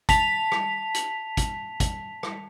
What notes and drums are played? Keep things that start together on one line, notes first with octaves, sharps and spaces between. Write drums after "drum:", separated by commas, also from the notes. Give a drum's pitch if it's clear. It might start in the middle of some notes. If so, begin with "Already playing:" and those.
A5 B6 F7, drum: kick, hi-hat
drum: rim click
drum: hi-hat
drum: kick, hi-hat
drum: kick, hi-hat
drum: rim click